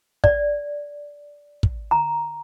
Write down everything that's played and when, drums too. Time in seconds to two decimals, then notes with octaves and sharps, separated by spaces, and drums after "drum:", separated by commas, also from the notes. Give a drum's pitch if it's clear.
0.24 D5, drum: kick
1.63 drum: kick
1.91 A#5